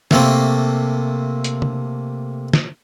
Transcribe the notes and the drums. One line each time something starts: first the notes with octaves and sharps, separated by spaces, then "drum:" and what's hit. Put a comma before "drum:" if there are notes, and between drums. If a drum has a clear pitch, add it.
C3 A3 A#3 C4, drum: snare
drum: hi-hat
drum: tom
drum: snare